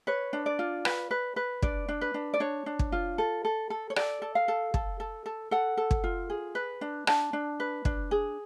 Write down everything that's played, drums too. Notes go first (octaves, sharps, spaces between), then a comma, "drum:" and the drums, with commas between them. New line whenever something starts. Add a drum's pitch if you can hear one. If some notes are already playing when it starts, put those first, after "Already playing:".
B4 C#5
D4
D5
F4
B4, drum: rim click
B4
B4
D4 D5, drum: kick
D4
B4
D4
D5
D4 C#5
D4
drum: kick
F4
A4
A4
A4
C#5
A4 D5, drum: rim click
A4
F5
A4
A4, drum: kick
A4
A4
A4 F#5
A4
drum: kick
F4
G#4
B4
D4
D4 A5, drum: rim click
D4
B4
D4, drum: kick
G#4